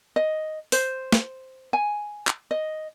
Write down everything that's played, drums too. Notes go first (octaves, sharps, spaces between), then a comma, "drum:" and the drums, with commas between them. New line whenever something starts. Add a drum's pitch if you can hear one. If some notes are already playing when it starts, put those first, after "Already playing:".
D#5
C5, drum: open hi-hat
drum: snare
G#5
drum: clap
D#5